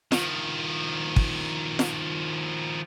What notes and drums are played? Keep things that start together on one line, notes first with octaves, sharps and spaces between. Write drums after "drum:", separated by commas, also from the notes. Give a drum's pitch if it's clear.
D#3 F3, drum: snare F4
drum: kick
drum: snare F4